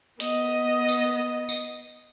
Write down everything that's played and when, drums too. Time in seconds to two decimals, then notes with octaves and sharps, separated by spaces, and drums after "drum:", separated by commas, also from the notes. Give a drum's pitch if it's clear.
0.20 B3 D#5, drum: hi-hat
0.88 drum: tambourine
1.49 drum: tambourine